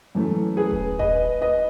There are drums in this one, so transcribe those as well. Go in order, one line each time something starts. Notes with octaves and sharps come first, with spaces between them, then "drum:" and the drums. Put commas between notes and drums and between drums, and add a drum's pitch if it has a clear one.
F#2 E3 A3
G#4 B4
drum: kick D#1
B4 D#5, drum: kick D#1
B4 D#5